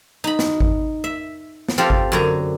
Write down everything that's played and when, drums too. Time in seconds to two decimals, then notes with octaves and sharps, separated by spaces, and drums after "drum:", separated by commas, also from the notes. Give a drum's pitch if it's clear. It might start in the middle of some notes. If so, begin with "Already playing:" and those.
0.24 D#4 B5
0.39 drum: snare
0.60 drum: kick G#1
1.04 E5
1.69 drum: snare
1.78 C4 F4 G4 A4
1.90 drum: kick G#1
2.12 F#2 D3 A#5